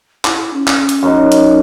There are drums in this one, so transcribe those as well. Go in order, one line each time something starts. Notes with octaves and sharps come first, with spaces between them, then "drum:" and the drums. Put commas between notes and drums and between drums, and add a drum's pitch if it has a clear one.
E4, drum: clap
C#4
drum: clap
drum: hi-hat
F#2 D#4
drum: hi-hat